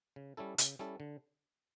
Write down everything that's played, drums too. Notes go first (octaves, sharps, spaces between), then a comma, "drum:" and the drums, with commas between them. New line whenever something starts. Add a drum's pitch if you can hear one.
C#3
G3 C#4 E4 A4
C#3, drum: hi-hat
G3 C#4 E4 A4
D3